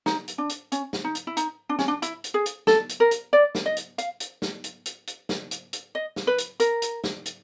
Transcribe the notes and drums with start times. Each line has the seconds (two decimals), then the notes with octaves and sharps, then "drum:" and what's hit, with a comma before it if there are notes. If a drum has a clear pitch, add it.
0.06 D#4, drum: snare
0.28 drum: hi-hat
0.38 D4
0.49 drum: hi-hat
0.72 C#4, drum: hi-hat
0.93 drum: snare
1.04 D#4
1.15 drum: hi-hat
1.27 E4
1.37 D#4, drum: hi-hat
1.69 D4
1.79 C#4, drum: snare
1.88 D4
2.02 E4, drum: hi-hat
2.24 drum: hi-hat
2.34 G#4
2.46 drum: hi-hat
2.67 A4, drum: snare
2.89 drum: hi-hat
3.00 A#4
3.11 drum: hi-hat
3.33 D5
3.55 drum: snare
3.66 D#5
3.76 drum: hi-hat
3.98 F5, drum: hi-hat
4.20 drum: hi-hat
4.42 drum: snare
4.64 drum: hi-hat
4.86 drum: hi-hat
5.07 drum: hi-hat
5.29 drum: snare
5.51 drum: hi-hat
5.73 drum: hi-hat
5.95 D#5
6.16 drum: snare
6.27 B4
6.38 drum: hi-hat
6.60 A#4, drum: hi-hat
6.82 drum: hi-hat
7.04 drum: snare
7.25 drum: hi-hat